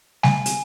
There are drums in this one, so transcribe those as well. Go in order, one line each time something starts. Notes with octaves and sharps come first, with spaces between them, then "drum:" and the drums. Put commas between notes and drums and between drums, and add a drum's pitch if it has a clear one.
G#5, drum: snare G3
drum: hi-hat